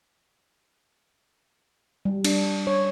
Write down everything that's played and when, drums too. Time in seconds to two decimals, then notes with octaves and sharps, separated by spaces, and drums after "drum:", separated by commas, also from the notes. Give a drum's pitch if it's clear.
2.05 G3
2.24 D4, drum: cymbal
2.67 C#5